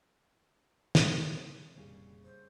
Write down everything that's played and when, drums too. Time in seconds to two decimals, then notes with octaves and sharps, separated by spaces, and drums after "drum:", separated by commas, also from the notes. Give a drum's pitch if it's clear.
0.95 drum: snare
1.76 F1 A#2 C#3 G3 C4 G#4
2.24 C5